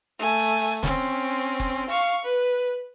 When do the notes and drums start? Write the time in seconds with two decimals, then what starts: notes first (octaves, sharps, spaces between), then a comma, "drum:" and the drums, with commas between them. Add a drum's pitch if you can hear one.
0.19 A3 G#5
0.40 drum: hi-hat
0.59 drum: open hi-hat
0.83 C4 C#4, drum: snare
1.60 drum: kick F#1
1.89 F5 C#6, drum: open hi-hat
2.25 B4